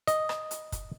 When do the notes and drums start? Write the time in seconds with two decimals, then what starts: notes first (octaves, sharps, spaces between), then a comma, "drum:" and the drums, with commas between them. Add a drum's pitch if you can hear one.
0.07 D#5, drum: hi-hat
0.29 drum: rim click
0.51 drum: hi-hat
0.72 drum: kick, hi-hat